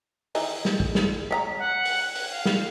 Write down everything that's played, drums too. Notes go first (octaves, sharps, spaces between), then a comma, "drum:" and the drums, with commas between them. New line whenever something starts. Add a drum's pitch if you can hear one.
D#3 E3 D#4, drum: open hi-hat
drum: snare
drum: kick
drum: snare
C#5 F5 A#5 B6
F#5
drum: open hi-hat
drum: open hi-hat
F5
drum: snare